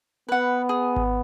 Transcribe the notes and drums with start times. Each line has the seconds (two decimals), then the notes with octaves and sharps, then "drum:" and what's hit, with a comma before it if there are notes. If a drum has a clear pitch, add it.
0.29 B3 B4 F#5
0.69 G#4
0.96 drum: kick G#1